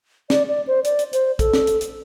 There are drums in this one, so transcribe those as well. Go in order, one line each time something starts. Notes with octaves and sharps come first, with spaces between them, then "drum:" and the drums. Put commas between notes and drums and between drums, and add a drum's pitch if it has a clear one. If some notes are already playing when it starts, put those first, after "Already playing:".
D5, drum: snare
D5
C5
D5, drum: hi-hat
drum: hi-hat
C5, drum: hi-hat
A4, drum: kick, hi-hat
drum: snare
drum: hi-hat
drum: hi-hat